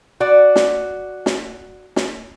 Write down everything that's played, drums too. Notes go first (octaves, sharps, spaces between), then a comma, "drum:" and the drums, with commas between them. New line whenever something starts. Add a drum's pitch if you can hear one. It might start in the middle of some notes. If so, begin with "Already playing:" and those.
F#4 D5
drum: snare
drum: snare
drum: snare